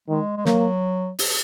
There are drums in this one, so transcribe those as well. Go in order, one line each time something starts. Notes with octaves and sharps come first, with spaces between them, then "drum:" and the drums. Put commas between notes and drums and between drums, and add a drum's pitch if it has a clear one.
D#3 G#3
G#3
F#3 A#3, drum: snare
drum: open hi-hat